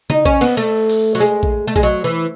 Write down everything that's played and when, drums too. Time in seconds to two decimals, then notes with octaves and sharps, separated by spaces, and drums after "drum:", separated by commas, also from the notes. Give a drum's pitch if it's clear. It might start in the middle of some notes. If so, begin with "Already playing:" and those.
0.10 D#4, drum: tom C#3
0.25 C#4, drum: kick A#1
0.41 B3, drum: cymbal
0.57 A3
0.89 drum: open hi-hat
1.15 F#3
1.20 G#3
1.43 drum: kick A#1
1.67 A3
1.76 G#3, drum: kick A#1
1.83 F#3
2.04 E3